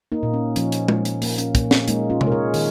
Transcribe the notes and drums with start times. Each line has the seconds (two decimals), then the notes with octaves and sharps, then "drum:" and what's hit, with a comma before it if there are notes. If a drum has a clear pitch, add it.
0.12 A#3 D#4
0.23 A#2
0.34 C#4
0.56 F3 C#4, drum: hi-hat
0.72 drum: hi-hat
0.88 A#2 C#4, drum: tom G#3
1.05 drum: hi-hat
1.22 A#3, drum: open hi-hat
1.38 C#4, drum: hi-hat
1.55 A#2 A#3, drum: kick, hi-hat
1.71 C#4, drum: snare
1.88 G#3 A#3 D#4, drum: hi-hat
2.10 C#4 F4
2.21 G#3, drum: tom C3
2.27 A#4
2.32 G#4 C#5
2.54 D#3, drum: open hi-hat